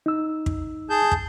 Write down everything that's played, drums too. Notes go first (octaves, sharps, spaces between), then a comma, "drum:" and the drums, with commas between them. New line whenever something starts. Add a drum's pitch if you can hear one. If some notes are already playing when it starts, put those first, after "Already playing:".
D#4 E6
drum: kick
G#4 A5 G6
drum: kick